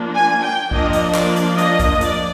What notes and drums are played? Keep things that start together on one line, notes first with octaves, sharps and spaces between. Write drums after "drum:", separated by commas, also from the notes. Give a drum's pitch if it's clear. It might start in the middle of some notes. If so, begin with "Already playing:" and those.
Already playing: F3 A#3 D4
G#5
G5
F3 A#3 D4 D#5, drum: kick A1
drum: hi-hat
D5, drum: clap
drum: hi-hat
D#5, drum: hi-hat
drum: kick A1, hi-hat
D5, drum: hi-hat